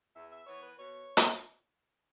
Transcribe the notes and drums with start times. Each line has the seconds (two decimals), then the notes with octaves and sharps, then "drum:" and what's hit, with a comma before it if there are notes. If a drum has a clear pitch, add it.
0.15 E2 E5
0.31 E5
0.46 E3 B3 C#5
0.62 B4
0.77 B2 C#5
1.17 drum: hi-hat